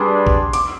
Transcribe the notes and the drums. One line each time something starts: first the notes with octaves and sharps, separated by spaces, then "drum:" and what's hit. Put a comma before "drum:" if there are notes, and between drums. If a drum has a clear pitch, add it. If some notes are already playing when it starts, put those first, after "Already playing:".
Already playing: G3 D4 G#4 B4 C6
drum: kick A#1
D6, drum: hi-hat